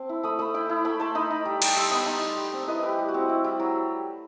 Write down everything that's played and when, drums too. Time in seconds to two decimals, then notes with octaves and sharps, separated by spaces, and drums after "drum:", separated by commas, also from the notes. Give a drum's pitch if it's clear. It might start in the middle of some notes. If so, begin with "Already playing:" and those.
Already playing: C4 A5 C6
0.09 E4
0.23 A3 B5 D#6
0.39 A3 B5 D#6
0.54 E4 G5 B5
0.69 E4
0.85 A3 G5 B5
1.00 A3 A5 C6
1.15 D#4 B5 D#6
1.31 D#4
1.46 G3
1.62 G3, drum: cymbal
1.76 G3 C6 E6
1.91 B3 B5 D#6
2.06 D#4 A5 C6
2.22 G3
2.37 G3
2.53 C4
2.67 E4 B4 D#5
2.83 G3 G4 B4
2.99 G3
3.08 F#4
3.14 C4
3.29 E4
3.44 G3
3.60 F#3